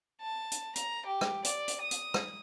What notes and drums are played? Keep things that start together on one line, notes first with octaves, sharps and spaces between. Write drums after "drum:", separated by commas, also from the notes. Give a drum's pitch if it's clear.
A5
drum: hi-hat
A#5, drum: hi-hat
G4
drum: rim click
D5, drum: hi-hat
drum: hi-hat
D#6
drum: hi-hat
drum: rim click